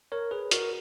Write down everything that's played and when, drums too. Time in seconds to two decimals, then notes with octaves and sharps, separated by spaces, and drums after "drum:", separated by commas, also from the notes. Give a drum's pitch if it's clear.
0.12 A#4 C#5
0.31 G#4 B4
0.51 F#4 A#4, drum: hi-hat